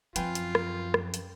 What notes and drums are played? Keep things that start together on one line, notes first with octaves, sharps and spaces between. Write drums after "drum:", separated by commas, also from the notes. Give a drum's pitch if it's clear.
F#2 F3 C4 F4 B4 G5 G#5, drum: hi-hat
drum: hi-hat
drum: rim click
drum: rim click
drum: hi-hat